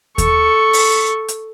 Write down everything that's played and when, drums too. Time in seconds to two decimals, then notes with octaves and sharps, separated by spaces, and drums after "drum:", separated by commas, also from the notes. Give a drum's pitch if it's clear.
0.18 A4 C#6, drum: kick D#2, hi-hat
0.73 drum: open hi-hat
1.28 drum: hi-hat